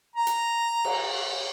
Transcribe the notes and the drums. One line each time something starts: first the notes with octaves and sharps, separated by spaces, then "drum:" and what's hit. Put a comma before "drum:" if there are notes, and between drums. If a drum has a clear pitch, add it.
A#5
drum: hi-hat
drum: cymbal